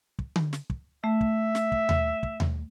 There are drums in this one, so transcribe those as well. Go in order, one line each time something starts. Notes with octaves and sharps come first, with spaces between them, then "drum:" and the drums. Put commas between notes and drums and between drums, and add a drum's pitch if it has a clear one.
drum: kick
drum: tom D3
drum: snare
drum: kick
A3 E5
drum: kick
drum: snare
drum: kick
drum: tom D#2
drum: kick
drum: tom D#2